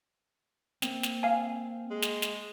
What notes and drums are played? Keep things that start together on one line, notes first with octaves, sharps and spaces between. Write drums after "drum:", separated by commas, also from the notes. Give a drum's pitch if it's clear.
A#3 C4 G5, drum: snare
drum: snare
F5 G#5
G#3
drum: snare
drum: snare